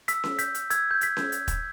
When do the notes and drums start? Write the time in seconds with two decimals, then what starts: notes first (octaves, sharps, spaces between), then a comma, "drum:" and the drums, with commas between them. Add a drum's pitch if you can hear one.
0.08 E6 B6, drum: hi-hat
0.24 drum: snare C#4
0.39 G6 B6, drum: hi-hat
0.55 drum: hi-hat
0.70 E6 G#6, drum: hi-hat
0.91 G6
1.01 G6 B6, drum: hi-hat
1.17 drum: snare C#4
1.32 drum: hi-hat
1.48 drum: kick E1, hi-hat